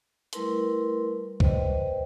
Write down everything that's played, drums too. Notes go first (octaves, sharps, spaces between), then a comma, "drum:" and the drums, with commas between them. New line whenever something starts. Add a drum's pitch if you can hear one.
G3 A3 E4 A#4 B4 C6, drum: hi-hat
B4 C5 D5 D#5 G5, drum: kick C2